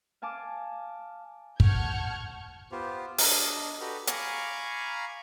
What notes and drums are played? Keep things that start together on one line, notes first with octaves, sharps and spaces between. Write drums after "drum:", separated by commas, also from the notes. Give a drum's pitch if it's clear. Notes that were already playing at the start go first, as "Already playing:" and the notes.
F5 G#5 A5 D6
F#5 A5 C#6 F6 G6 G#6, drum: kick
B3 F4 G4 C5
D4 D#5, drum: open hi-hat
F#4 G4 A4 B4 A#5
F5 G#5 A#5 B5 C#6 D6, drum: hi-hat